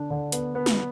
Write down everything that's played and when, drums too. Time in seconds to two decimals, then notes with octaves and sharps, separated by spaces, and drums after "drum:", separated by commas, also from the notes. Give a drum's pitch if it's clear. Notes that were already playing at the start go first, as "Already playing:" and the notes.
Already playing: D3 D4
0.10 D3
0.32 B3, drum: hi-hat
0.55 B3
0.66 drum: snare